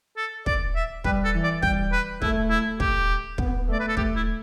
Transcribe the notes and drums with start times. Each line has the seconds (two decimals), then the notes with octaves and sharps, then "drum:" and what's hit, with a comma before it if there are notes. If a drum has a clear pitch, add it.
0.17 A4
0.46 D5, drum: kick
0.75 E5
1.04 G3 B4, drum: kick
1.25 A4
1.34 E3
1.43 D5
1.63 G3 G5, drum: kick
1.92 B4
2.22 A3 E4, drum: kick
2.50 E4
2.80 G4, drum: kick
3.38 B3, drum: kick
3.68 A3
3.72 D5
3.80 B4
3.88 A4
3.97 A3 G4, drum: kick
4.16 E4